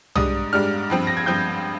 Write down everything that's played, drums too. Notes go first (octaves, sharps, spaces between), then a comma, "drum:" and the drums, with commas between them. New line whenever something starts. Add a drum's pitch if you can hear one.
G#2 G3 D4 D#6, drum: tom
G#2 G3 D4 F6
G2 F3 C4
A#6
G#6
G2 F3 C4 G6